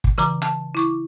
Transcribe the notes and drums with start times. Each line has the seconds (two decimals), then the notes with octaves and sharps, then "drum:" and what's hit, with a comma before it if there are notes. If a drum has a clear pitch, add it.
0.04 drum: kick
0.18 C#3 E3 A#5 D6
0.42 A5, drum: rim click
0.75 E4 C#6 D6